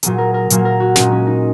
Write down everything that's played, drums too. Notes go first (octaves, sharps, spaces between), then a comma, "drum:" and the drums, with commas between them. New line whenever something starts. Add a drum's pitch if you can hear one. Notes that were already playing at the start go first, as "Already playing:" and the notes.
A#2 F#3 A#3 G#4, drum: hi-hat
A#4
A#4
A#2 F#3 A#3, drum: hi-hat
A#4
F#4
A#2 G#3 C#4, drum: snare
C#4
D#4